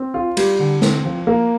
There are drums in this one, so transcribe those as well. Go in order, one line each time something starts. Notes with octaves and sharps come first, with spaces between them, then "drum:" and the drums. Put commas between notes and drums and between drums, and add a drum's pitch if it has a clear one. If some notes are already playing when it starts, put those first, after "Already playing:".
Already playing: C4
F4
G3, drum: cymbal
D3
C4, drum: snare
F3
A#3